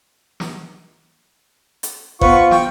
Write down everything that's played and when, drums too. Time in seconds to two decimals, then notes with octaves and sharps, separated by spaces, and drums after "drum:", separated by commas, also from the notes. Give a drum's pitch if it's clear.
0.40 drum: snare
1.83 drum: hi-hat
2.21 B3 F4 B4 C5 F#5 C#6, drum: kick G#1
2.51 G5 C#6, drum: snare